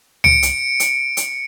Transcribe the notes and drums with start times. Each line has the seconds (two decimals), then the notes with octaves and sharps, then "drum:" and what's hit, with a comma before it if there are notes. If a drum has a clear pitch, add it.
0.24 C#7 D7, drum: tom C#2
0.43 drum: hi-hat
0.80 drum: hi-hat
1.17 drum: hi-hat